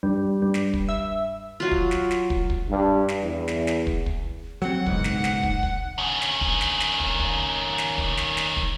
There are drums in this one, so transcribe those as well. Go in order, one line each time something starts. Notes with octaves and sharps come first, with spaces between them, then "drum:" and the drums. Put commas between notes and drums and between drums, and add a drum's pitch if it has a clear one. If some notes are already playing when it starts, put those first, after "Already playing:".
G2
G2
drum: snare
drum: kick
E5
F#3 F4
drum: kick
drum: snare
drum: snare
drum: kick
drum: kick
G2
drum: snare
E2
drum: snare
drum: snare
drum: kick
drum: kick
F#3 C4 F#5
F#1 B1 G#2, drum: kick
drum: snare
drum: snare
drum: kick
drum: kick
D#3 C#4
drum: snare
drum: kick
drum: snare
drum: snare
drum: kick
drum: kick
drum: snare
drum: kick
drum: snare
drum: snare
drum: kick